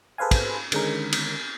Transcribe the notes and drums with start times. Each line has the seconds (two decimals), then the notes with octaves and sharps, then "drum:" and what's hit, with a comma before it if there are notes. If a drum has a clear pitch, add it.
0.18 G#4 A4 B4 C5 F5 G#5
0.31 drum: kick, cymbal
0.72 D3 D#3 G#3 C#4 A#4, drum: cymbal
1.12 drum: cymbal